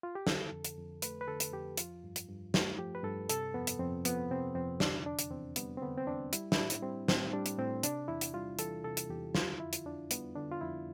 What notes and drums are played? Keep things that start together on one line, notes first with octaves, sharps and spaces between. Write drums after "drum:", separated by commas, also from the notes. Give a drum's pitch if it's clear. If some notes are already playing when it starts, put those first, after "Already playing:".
F4
G4
D3 A4, drum: snare
F2
drum: hi-hat
F2
A3 B4, drum: hi-hat
B4
D3 A4
drum: hi-hat
F2 G4
F3 F4, drum: hi-hat
G2
drum: hi-hat
G2
A3, drum: snare
F3 G4
B4
G2 A4
C3 A4, drum: hi-hat
F2 B3
drum: hi-hat
F2 C4
F3 B3, drum: hi-hat
C3 C4
F2 C4
D3 D4, drum: snare
E2 D4
drum: hi-hat
E2 C4
G3 B3, drum: hi-hat
C4
D3 B3
C4
E2 D4
G3 E4, drum: hi-hat
E4, drum: snare
A2 D4
drum: hi-hat
G3 C4
A2 C4, drum: snare
G3 D4
drum: hi-hat
A2 C4
C3 D4, drum: hi-hat
E2 E4
drum: hi-hat
G3 F4
E3 A4, drum: hi-hat
C3 A4
drum: hi-hat
E2 G4
D3 F4, drum: snare
F2 E4
drum: hi-hat
F2 D4
G3 B3, drum: hi-hat
D3 D4
F4
F2 E4